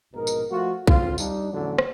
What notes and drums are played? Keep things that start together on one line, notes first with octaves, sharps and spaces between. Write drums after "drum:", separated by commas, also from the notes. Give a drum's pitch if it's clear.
A#1 G#2 B2 D#4 A#4
drum: tambourine
F3 A3 F4 F#4
G#1 D3 C4 F4, drum: kick B1
G3 D4 D#4, drum: tambourine
E2 A2 D3 F3 F#3 C#4
drum: rim click